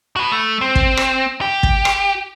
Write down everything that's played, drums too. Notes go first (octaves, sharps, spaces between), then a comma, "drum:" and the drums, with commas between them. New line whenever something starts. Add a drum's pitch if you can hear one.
F#4 B4
A3
C4
drum: kick
drum: rim click
G4
drum: kick
drum: rim click